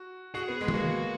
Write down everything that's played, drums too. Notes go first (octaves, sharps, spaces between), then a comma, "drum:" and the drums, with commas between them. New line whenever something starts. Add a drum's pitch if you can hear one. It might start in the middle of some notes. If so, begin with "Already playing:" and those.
Already playing: F#4
F#4 G#4
B3
G#3
G#4, drum: tom D#3
A#3 F#4